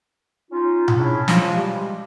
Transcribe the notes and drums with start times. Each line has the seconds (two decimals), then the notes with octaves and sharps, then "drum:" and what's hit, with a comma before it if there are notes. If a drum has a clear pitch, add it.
0.50 C#4 D#4 F4
0.88 drum: tom B2
0.98 C#4 D4 E4 G#4
1.28 F3 G#3, drum: snare
1.53 C#3 G3 G#3 G4